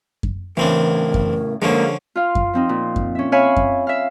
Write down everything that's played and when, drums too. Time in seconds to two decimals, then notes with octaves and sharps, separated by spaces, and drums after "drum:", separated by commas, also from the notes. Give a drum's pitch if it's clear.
0.23 drum: kick F#2
0.57 A2 C#3 E3 C4 D4 A#4
1.14 drum: kick F#2
1.62 D3 F3 G#3 A#3 C#4
2.16 F4 F5
2.35 drum: kick F#2
2.53 F3 C4 D#4
2.69 A#2
2.96 drum: kick F#2
3.15 C#4 E5
3.32 C#5 E5 F5 G#5 B5
3.56 drum: kick F#2
3.87 E5 F5